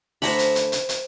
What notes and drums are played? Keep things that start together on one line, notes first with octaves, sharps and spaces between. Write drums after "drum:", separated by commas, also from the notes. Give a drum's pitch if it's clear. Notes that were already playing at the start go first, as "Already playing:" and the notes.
D3 A3 D4 C5 A#5 B5, drum: open hi-hat
drum: hi-hat
drum: hi-hat
drum: hi-hat
drum: hi-hat